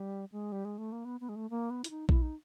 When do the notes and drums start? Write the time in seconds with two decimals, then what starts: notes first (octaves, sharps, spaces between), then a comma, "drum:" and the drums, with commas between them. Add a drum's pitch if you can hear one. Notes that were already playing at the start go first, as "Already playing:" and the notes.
Already playing: G3
0.32 G#3
0.52 G3
0.65 G#3
0.78 A3
0.92 A#3
1.05 B3
1.21 B3
1.29 G#3
1.36 A3
1.50 A#3
1.70 B3
1.84 E4, drum: hi-hat
1.90 D#4
2.09 E4, drum: kick A#1
2.22 D#4